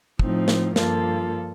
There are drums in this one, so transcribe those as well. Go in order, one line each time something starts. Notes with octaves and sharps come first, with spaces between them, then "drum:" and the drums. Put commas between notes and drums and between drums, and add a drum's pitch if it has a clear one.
A2 F3 C4 D#4, drum: kick
drum: snare
G2 F3 A#3 F4 A4, drum: snare